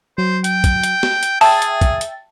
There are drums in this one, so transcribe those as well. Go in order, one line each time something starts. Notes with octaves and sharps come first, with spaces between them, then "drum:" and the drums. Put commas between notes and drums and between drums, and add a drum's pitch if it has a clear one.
F#3 C5
G5, drum: hi-hat
drum: kick, hi-hat
drum: hi-hat
drum: snare
drum: hi-hat
G#4 E5 G5 A5 A6, drum: open hi-hat
drum: hi-hat
drum: kick, hi-hat
drum: hi-hat